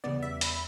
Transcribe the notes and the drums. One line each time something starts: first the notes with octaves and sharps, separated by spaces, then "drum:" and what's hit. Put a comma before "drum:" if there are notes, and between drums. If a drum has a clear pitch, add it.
E2 C#3 G3 B3 D5
E5
B5, drum: hi-hat